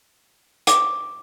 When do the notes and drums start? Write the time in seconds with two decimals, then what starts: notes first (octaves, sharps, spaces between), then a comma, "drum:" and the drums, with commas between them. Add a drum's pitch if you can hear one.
0.67 D6, drum: hi-hat